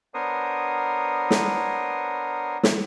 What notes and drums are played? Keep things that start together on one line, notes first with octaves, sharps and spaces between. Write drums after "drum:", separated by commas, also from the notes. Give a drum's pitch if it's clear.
B3 D4 A#4 C5 C#5 D#6
drum: snare
drum: snare